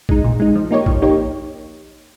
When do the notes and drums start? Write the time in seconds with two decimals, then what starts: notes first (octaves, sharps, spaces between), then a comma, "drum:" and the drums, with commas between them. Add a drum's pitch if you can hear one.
0.09 G#3 D#4, drum: kick A1
0.24 A#2
0.40 G#3 D#4
0.55 F3
0.71 A#3 D#4 G4 C#5
0.86 F3, drum: kick A1
1.02 A#3 D#4 G4 C#5